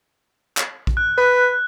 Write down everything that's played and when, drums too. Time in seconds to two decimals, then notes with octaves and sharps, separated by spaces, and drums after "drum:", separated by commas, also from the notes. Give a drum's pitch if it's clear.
0.57 drum: clap
0.87 drum: kick A#1
0.97 F#6
1.17 B4